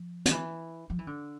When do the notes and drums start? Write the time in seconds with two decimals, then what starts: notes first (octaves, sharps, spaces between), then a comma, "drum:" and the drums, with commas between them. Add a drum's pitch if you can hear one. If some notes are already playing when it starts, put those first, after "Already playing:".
Already playing: F3
0.26 D3, drum: hi-hat
0.31 E3
0.90 F3
0.99 E3
1.07 D3